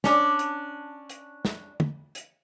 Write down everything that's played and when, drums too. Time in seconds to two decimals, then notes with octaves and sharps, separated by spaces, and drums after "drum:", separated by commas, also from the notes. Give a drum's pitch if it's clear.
0.04 C#4 D4, drum: snare
0.39 drum: hi-hat
1.09 drum: hi-hat
1.45 drum: snare
1.80 drum: tom
2.15 drum: hi-hat